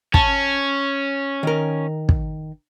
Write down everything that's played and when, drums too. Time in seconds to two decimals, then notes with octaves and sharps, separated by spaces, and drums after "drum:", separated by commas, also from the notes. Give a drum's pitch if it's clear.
0.14 C#4 A5, drum: kick
1.43 D#3 A#4
2.09 drum: kick